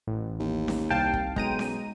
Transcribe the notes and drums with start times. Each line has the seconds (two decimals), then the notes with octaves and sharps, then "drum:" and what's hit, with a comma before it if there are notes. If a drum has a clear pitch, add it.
0.07 A1
0.39 D#2
0.68 drum: snare C#4
0.90 C2 F5 G5 A5
1.14 drum: kick
1.36 B1 G#3 A#5 D#7, drum: kick
1.59 drum: snare C#4